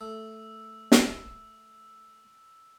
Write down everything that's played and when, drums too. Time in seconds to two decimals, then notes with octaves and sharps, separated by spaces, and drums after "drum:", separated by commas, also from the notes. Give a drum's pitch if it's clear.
0.01 A3 E6
0.92 drum: snare